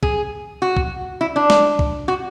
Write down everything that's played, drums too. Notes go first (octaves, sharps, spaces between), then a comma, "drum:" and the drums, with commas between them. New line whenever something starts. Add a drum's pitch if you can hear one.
G#4, drum: kick
F#4
drum: kick
E4
D4
drum: snare
drum: kick
F#4